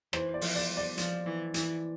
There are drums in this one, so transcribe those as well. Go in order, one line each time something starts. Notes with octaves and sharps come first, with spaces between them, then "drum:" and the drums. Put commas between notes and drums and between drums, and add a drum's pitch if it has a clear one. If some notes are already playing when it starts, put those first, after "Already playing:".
E3 C5, drum: rim click
D5
F3, drum: open hi-hat
D5
G3
D5
F3, drum: hi-hat
E3
E3, drum: hi-hat